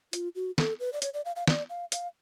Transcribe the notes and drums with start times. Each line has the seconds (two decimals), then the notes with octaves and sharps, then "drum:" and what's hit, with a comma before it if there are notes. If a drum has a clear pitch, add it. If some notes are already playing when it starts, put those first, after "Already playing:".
0.13 F4, drum: hi-hat
0.35 F#4
0.58 A4, drum: snare
0.80 B4
0.93 D5
1.02 C#5, drum: hi-hat
1.14 D5
1.25 F5
1.36 F5
1.47 D5, drum: snare
1.69 F5
1.92 F5, drum: hi-hat